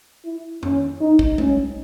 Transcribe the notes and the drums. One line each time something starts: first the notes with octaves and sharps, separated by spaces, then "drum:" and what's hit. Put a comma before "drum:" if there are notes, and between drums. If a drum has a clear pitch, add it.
E4
C#4, drum: tom F2
D#4
drum: kick
C#4, drum: tom G#3